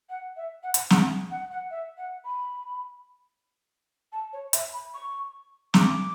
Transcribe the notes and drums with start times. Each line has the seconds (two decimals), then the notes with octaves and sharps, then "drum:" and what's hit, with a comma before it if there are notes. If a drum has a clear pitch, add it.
0.09 F#5
0.36 E5
0.63 F#5
0.74 drum: hi-hat
0.90 F#5, drum: snare
1.31 F#5
1.51 F#5
1.71 E5
1.98 F#5
2.24 B5
4.12 A5
4.33 C#5
4.53 E5, drum: hi-hat
4.73 B5
4.94 C#6
5.74 D6, drum: snare